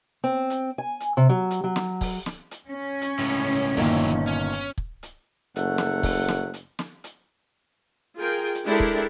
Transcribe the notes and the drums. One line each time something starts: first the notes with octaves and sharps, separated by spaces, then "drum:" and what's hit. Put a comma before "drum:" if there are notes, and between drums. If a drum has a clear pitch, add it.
C4
drum: hi-hat
G#5
drum: hi-hat
C3
F#3
drum: hi-hat
F#3
drum: snare
drum: kick, open hi-hat
drum: snare
drum: hi-hat
C#4
drum: hi-hat
C#2 A2
drum: hi-hat
G1 A#2 D#3 E3 F#3
C#4
drum: hi-hat
drum: kick
drum: hi-hat
F#1 F#3 A3 F#5, drum: hi-hat
drum: snare
drum: kick, open hi-hat
drum: snare
drum: hi-hat
drum: snare
drum: hi-hat
F4 G#4 A#4 G5
drum: hi-hat
G#3 D4 E4 G4 A4 A#4
drum: kick